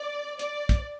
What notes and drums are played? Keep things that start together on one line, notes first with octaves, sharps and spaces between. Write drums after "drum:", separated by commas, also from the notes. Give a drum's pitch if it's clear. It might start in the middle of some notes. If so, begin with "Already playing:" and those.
Already playing: D5
D5, drum: hi-hat
drum: kick, hi-hat